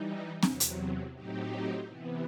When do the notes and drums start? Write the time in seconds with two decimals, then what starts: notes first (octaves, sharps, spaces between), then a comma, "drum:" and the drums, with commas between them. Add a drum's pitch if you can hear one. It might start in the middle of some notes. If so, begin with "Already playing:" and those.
Already playing: E3 G3 D#4
0.43 E2 C3 F#3, drum: snare C4
0.60 drum: hi-hat
1.14 A2 F#3 C4 D#4 G4
1.87 C3 E3 B3